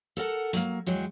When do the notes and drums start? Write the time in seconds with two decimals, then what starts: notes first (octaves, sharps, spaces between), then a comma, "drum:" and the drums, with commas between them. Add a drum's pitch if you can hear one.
0.17 A4 A#4 F#5 A5
0.53 F#3 A3 A#3, drum: hi-hat
0.86 E2 F#3 G#3 G5